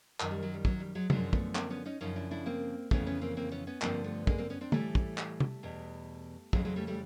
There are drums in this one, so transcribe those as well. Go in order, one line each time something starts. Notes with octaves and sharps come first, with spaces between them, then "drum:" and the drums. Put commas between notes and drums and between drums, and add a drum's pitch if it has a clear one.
F#2 D#3, drum: clap
G3
F#3
G3
F#3, drum: kick
G3
F#3 G#3
F#2 D3 F3 F#3 G#3, drum: tom C3
A3 B3, drum: kick
A#3 C4, drum: clap
B3 C#4
C#4 D#4
F#2 C#3 F3 C#4 D#4
D4 E4
D4 E4
A#3 C4
F2 C#3 E3 A3 B3, drum: kick
B3 C#4
A#3 C4
A#3 C4
B3 C#4
B3 C#4
G2 D3 F3 A#3 C4, drum: clap
A3 B3
G#3 A#3, drum: kick
A#3 C4
B3 C#4
C4 D4
A2 E3 G3 A3, drum: tom
drum: kick
drum: clap
drum: tom C3
E2 B2
F2 C#3 E3 F#3 G#3, drum: kick
F#3 G#3
G3 A3
G3 A3